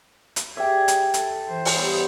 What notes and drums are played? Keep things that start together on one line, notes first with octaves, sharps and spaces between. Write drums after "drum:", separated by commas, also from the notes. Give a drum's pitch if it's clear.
drum: hi-hat
G4 G#4 D5 E5 G5
drum: hi-hat
A4, drum: hi-hat
E3 C5
drum: open hi-hat
G3 B3 D#4